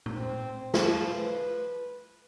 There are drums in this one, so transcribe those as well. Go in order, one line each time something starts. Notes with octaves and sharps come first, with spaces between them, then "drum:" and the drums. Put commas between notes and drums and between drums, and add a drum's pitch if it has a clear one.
drum: tom A#2
C4
F3, drum: snare
B4